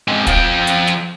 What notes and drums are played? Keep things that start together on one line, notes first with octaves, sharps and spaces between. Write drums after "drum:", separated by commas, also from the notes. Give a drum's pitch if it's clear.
G#3 C4
F3 G5, drum: kick, hi-hat
drum: hi-hat
drum: snare